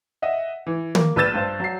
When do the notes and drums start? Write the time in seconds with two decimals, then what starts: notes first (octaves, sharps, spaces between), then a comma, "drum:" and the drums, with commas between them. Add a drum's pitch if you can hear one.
0.22 D#5 E5 F#5
0.67 E3
0.95 A#3, drum: tom
1.16 A#1 B4 E6 G6 A6 E7
1.34 G2 C5
1.60 F#3 C7